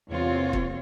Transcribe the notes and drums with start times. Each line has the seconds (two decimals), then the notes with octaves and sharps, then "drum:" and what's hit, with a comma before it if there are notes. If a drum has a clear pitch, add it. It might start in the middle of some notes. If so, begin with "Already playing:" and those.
0.11 E2 C3 A#3 C4 F4 C#5
0.53 drum: kick